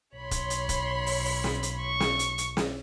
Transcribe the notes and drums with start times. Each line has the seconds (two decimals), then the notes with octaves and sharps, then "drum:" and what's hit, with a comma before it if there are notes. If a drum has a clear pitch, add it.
0.16 B1 C#5 B5 C6
0.31 drum: kick E1, hi-hat
0.50 drum: hi-hat
0.69 drum: kick E1, hi-hat
1.06 drum: open hi-hat
1.25 drum: open hi-hat
1.44 drum: snare
1.63 drum: hi-hat
1.82 C#6
2.00 drum: snare
2.19 drum: hi-hat
2.38 drum: hi-hat
2.57 drum: snare